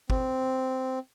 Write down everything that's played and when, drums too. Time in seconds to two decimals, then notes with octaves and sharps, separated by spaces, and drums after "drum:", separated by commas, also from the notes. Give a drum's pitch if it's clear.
0.10 C4, drum: kick